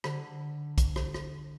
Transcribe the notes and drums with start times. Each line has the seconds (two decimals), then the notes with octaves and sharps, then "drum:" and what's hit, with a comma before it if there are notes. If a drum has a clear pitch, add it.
0.04 D3, drum: rim click
0.78 drum: kick, hi-hat
0.96 drum: rim click
1.14 drum: rim click